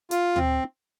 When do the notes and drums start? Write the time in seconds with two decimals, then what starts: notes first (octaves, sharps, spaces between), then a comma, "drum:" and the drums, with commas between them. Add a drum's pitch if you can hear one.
0.11 F4, drum: hi-hat
0.36 C4, drum: tom D2